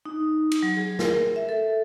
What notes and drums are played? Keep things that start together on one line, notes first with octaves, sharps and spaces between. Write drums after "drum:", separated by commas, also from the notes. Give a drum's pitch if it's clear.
D#4
drum: cymbal
F#3
G#4
A#4, drum: snare
E5
A4